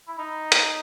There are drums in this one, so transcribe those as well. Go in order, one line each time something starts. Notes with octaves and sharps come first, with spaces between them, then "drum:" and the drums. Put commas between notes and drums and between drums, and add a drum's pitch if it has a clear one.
E4
D#4
drum: hi-hat